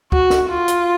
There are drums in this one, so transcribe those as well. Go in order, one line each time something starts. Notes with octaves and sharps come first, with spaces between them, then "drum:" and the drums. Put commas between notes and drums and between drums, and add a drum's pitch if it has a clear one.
F#4, drum: kick
drum: snare
F4
drum: hi-hat